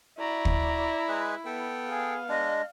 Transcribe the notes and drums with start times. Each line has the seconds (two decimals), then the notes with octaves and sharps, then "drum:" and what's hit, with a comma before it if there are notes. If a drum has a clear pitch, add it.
0.20 E4 F#4 D5 A#5
0.45 drum: kick
1.08 G#3 G#4 B4
1.46 B3 A4 G5
1.88 G#4 F5
2.29 G#3 D4 D#5